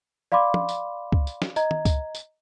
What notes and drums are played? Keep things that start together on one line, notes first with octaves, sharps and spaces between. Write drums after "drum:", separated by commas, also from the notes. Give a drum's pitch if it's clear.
D5 F5 B5 C6 D6
drum: tom
drum: tambourine
drum: kick
drum: tambourine
drum: snare
D#5 A#5 G#6, drum: tambourine
drum: tom
drum: kick, tambourine
drum: tambourine